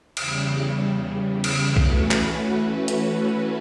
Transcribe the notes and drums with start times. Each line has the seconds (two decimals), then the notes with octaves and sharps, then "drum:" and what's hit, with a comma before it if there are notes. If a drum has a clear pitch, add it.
0.17 E2 C#3 G3, drum: cymbal
1.44 drum: cymbal
1.76 E3 A3 C#4 F#4 B4, drum: kick B1
2.11 drum: clap
2.88 drum: hi-hat